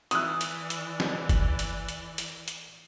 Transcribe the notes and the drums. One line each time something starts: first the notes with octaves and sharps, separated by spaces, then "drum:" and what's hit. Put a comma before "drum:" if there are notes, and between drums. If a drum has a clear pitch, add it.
E3 D5 D#6 E6 F#6, drum: hi-hat
drum: hi-hat
drum: hi-hat
drum: snare
drum: kick F#1, hi-hat
drum: hi-hat
drum: hi-hat
drum: hi-hat
drum: hi-hat